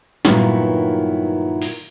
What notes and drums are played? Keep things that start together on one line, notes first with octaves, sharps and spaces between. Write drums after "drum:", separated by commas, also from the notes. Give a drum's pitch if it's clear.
G2 A#2 D#3 F#3 B3 E4, drum: snare
drum: open hi-hat